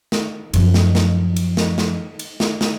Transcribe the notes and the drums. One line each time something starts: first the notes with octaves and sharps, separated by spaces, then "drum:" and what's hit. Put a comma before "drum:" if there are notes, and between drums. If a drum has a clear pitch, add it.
drum: snare
F#2 F3, drum: cymbal
drum: snare
drum: snare
drum: cymbal
drum: snare
drum: snare
drum: cymbal
drum: snare
drum: snare